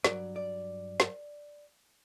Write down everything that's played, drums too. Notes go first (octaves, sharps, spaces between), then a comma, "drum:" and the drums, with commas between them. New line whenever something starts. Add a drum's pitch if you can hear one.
G2 F#3 D5, drum: snare
D5
drum: snare